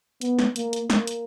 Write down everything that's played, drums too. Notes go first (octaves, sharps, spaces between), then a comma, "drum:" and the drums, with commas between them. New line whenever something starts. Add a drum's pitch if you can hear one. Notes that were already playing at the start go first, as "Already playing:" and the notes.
B3, drum: hi-hat
drum: snare
A#3, drum: hi-hat
drum: hi-hat
A#3, drum: snare
drum: hi-hat